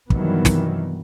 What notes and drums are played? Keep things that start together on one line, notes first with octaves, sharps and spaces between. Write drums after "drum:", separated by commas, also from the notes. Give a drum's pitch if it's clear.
G2 C3 D#3 E3 F#3 B3, drum: kick
drum: snare